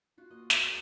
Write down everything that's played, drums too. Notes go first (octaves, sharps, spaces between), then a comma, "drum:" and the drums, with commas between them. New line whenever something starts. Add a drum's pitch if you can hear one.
F4 F#4
A#3 D#5
F#3 G#3 B3 A#4 F#6 D7, drum: snare
D2 B5 D#6